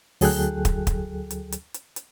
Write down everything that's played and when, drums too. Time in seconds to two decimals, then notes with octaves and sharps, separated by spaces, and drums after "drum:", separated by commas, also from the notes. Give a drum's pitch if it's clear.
0.21 D2 F#3 G#4 A4 G5 F#6, drum: open hi-hat
0.65 drum: kick, hi-hat
0.87 drum: kick, hi-hat
1.30 drum: hi-hat
1.52 drum: hi-hat
1.74 drum: hi-hat
1.96 drum: hi-hat